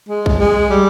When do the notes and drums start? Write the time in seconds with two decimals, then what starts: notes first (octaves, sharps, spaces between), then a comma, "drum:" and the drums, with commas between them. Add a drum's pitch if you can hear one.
0.09 G#3
0.26 drum: kick A#1
0.40 G#3
0.70 G3